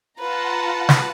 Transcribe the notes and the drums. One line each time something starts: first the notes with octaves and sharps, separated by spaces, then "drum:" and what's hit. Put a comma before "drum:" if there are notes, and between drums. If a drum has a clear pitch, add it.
F4 B4 F#5 A5 A#5
drum: snare